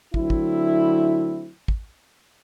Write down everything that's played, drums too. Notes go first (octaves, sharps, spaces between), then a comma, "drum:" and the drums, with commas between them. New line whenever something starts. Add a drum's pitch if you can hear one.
D3 F#3 A3 C4 E4, drum: kick
drum: kick
drum: kick